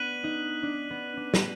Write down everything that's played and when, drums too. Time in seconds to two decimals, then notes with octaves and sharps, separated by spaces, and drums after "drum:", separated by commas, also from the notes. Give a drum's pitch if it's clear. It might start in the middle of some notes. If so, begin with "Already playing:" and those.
Already playing: B3 D4 F#6 B6 D#7 F#7
0.24 D#4
0.63 D4
0.90 B3
1.17 D4
1.34 drum: snare